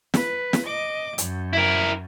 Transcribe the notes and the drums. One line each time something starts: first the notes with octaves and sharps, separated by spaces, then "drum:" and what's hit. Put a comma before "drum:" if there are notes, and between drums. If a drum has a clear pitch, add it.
B4, drum: snare
drum: snare
D#5 D6
F#2, drum: hi-hat
E4 A#4